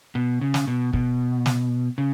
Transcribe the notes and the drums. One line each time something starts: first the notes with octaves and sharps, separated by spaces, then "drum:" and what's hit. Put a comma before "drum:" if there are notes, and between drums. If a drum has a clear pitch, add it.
B2
C#3
drum: snare
B2
B2, drum: kick
drum: snare
C#3